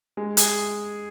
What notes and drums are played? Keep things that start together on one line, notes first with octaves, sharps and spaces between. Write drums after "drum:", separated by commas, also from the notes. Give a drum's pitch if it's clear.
G#3
G#4, drum: hi-hat